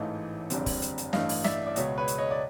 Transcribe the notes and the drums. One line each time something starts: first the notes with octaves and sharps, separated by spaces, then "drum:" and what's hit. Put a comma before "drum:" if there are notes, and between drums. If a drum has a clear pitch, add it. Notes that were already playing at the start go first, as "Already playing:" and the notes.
Already playing: A1 G#2 E3 A3 D#5 F5
F#1 F2 D3 G3 C4, drum: hi-hat
drum: kick, open hi-hat
drum: hi-hat
drum: hi-hat
A1 G2 E3 A3 D#5 F5, drum: snare
drum: open hi-hat
D5 E5, drum: snare
D5
C#2 B2 G#3 C#5 D#5, drum: hi-hat
B4 C#5
drum: hi-hat
C#5 D#5
D5